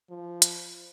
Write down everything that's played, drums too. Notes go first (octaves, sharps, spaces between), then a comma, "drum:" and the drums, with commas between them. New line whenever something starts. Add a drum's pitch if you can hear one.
F3
drum: hi-hat